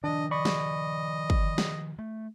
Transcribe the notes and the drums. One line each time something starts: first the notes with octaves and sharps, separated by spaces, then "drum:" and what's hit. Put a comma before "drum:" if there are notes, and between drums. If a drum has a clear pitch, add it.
D#3 F3 D4 D#5
D5 D#5 B5 C#6
drum: snare
drum: kick
drum: snare
A3